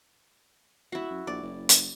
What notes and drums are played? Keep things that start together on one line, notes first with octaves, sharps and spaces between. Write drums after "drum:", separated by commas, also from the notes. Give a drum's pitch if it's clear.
D1 E4 F#4
F#2
A#1 D5
F#1
drum: hi-hat